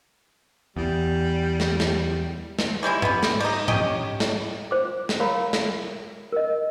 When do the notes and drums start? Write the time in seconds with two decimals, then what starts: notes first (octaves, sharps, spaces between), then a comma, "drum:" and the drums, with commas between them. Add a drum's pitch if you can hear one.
0.77 E2 G3
1.60 drum: snare
1.80 drum: snare
2.59 drum: snare
2.83 E3 G3 G#3 E4
3.02 G3 B3, drum: tom G#2
3.23 drum: snare
3.40 G3 D#4, drum: cymbal
3.68 C#4 G4 D#5, drum: tom G#2
4.20 drum: snare
4.71 F4 C5 D6
5.09 drum: snare
5.20 A#4 C#5 F5 A#5 B5
5.53 drum: snare
6.32 A#4 D#5